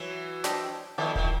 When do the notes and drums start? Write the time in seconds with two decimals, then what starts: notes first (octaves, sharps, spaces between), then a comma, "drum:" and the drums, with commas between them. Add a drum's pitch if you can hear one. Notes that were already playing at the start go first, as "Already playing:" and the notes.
Already playing: E3 F#3
0.44 D4 G4 C5 D#5, drum: snare
0.98 D#3 F3 B3 E4 A4 D5
1.15 D#3 F3, drum: kick D#1